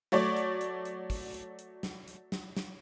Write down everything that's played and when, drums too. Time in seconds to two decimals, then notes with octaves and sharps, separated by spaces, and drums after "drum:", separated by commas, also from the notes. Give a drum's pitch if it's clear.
0.12 F#3 A3 C#5 D5, drum: hi-hat
0.36 drum: hi-hat
0.61 drum: hi-hat
0.85 drum: hi-hat
1.10 drum: kick, open hi-hat
1.34 drum: hi-hat
1.59 drum: hi-hat
1.83 drum: snare
2.08 drum: hi-hat
2.32 drum: snare
2.57 drum: snare